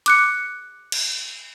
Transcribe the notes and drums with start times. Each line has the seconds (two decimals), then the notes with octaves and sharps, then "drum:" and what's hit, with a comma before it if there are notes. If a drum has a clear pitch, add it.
0.06 D6 F#6 C#7, drum: hi-hat
0.92 drum: cymbal